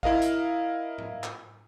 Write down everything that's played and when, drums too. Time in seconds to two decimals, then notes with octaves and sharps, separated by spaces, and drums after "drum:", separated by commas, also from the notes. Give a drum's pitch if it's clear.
0.03 E4 A#4 D#5 F5, drum: kick A1
0.22 drum: hi-hat
0.98 drum: tom G#2
1.24 drum: clap